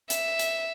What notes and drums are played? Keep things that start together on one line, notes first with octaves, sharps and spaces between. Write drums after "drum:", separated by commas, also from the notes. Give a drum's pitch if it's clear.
E5, drum: hi-hat
drum: hi-hat